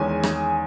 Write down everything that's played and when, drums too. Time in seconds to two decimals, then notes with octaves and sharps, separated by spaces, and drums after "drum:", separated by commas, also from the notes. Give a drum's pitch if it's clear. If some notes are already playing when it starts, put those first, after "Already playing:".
Already playing: E2 D#3 G#3 C#4 G#5
0.23 drum: rim click